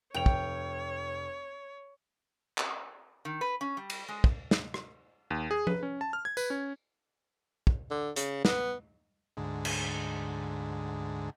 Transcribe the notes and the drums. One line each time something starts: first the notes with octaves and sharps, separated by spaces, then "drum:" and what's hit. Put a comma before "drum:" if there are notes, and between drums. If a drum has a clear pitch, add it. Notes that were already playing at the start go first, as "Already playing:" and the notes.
F1 C#5 G5 F7
drum: kick
drum: clap
D#3
B4
C#4
G3
drum: cymbal
G#3
drum: kick
drum: snare
drum: rim click
D#2
G#4
B4, drum: tom F3
C#4
A5
F6
G#6
B4, drum: tambourine
C#4
drum: kick
D3
C#3, drum: hi-hat
B3, drum: snare
D2 G#2
drum: cymbal